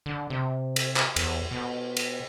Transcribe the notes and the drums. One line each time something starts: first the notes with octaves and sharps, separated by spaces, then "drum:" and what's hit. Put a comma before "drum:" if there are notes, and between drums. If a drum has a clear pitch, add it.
D3
C3
drum: cymbal
drum: clap
E2, drum: cymbal
B2
drum: cymbal